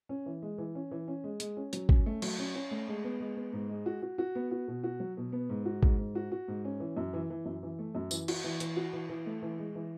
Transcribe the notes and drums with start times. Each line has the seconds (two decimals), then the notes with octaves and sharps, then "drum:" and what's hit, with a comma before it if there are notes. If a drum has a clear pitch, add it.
0.09 C#4
0.26 E3
0.42 G#3
0.58 E3
0.75 C#4
0.91 E3
1.08 C#4
1.24 G#3
1.40 G#3, drum: hi-hat
1.57 C#4
1.73 F#3, drum: hi-hat
1.89 C#4, drum: kick
2.06 A3
2.22 F#3, drum: cymbal
2.39 C#4
2.55 C#4
2.71 A3
2.88 G#3
3.04 B3
3.20 G#3
3.37 B3
3.53 G#2
3.69 G#3
3.86 F#4
4.02 F#4
4.18 F#4
4.35 B3
4.51 F#4
4.68 B2
4.84 F#4
5.00 F#3
5.17 B2
5.33 B3
5.50 G#2
5.66 F#4
5.83 G#2, drum: kick
5.98 G#2
6.15 F#4
6.32 F#4
6.48 G#2
6.64 C#4
6.80 E3
6.97 F#2
7.13 E3
7.30 E3
7.45 F#2
7.63 E3
7.79 A3
7.95 F#2
8.11 E3, drum: tambourine
8.28 F#4, drum: cymbal
8.44 E3
8.60 E3, drum: hi-hat
8.77 F#4
8.93 E3
9.09 E3
9.26 A3
9.42 E3
9.58 G#3
9.75 E3